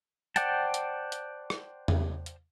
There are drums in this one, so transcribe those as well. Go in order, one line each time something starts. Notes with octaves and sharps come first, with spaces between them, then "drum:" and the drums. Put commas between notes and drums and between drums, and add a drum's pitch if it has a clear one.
C5 D5 F#5 G5 A5, drum: hi-hat
drum: hi-hat
drum: hi-hat
drum: rim click
drum: tom E2
drum: hi-hat